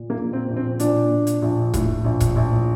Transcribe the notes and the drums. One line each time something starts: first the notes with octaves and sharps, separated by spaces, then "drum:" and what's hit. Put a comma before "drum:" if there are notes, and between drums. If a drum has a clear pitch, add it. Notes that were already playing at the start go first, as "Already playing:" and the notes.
Already playing: A#2
A#3
A#1
C4
A#1
C4
A#2 D4, drum: hi-hat
A#2
drum: hi-hat
A#1
A2, drum: kick, hi-hat
A#1
drum: kick, hi-hat
A#1